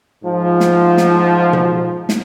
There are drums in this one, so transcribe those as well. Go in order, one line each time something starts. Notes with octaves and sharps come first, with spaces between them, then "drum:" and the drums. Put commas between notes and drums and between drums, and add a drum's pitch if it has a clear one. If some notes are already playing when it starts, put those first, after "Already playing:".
G#2 F3
drum: snare
drum: snare
drum: tom B2
drum: snare